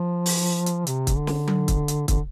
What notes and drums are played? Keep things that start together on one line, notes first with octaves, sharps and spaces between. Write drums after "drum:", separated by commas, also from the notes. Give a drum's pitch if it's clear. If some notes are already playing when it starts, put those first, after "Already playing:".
Already playing: F3
drum: open hi-hat
drum: hi-hat
C3, drum: hi-hat
drum: kick, hi-hat
D3
drum: snare
drum: tom F#3
drum: kick, hi-hat
drum: hi-hat
D3, drum: kick, hi-hat